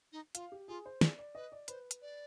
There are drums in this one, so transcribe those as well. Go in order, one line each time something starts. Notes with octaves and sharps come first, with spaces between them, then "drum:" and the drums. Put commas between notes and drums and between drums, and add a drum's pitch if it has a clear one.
D#4
F4 F5, drum: hi-hat
G4
F4 G#4
C5
G#4 D5, drum: snare
D5
B4 D#5
D5
B4 C5, drum: hi-hat
drum: hi-hat
D5